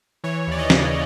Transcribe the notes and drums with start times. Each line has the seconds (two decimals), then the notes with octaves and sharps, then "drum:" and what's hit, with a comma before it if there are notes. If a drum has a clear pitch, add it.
0.24 E3 C#5
0.47 D#2 D5
0.59 D#5
0.70 C#3, drum: snare